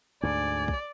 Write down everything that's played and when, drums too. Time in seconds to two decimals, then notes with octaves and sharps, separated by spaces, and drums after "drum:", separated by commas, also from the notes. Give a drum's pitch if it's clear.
0.23 D2 G#2 D3 D5 G#5
0.68 drum: kick